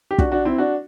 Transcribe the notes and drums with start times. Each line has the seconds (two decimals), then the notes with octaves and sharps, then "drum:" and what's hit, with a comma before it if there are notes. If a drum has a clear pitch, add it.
0.11 G4
0.18 D4 F#4, drum: kick
0.32 D4 F#4
0.45 C4 E4
0.58 D4 F#4